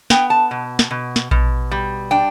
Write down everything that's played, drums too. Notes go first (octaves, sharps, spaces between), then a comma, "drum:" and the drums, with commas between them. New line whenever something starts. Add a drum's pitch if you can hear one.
B3 G5, drum: snare
A5
B2
drum: snare
B2
drum: snare
B2, drum: kick A#1
G3
D4 G5